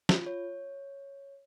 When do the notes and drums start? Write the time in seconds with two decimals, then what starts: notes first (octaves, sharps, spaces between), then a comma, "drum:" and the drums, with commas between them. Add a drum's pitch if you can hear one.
0.09 F4, drum: snare
0.26 C#5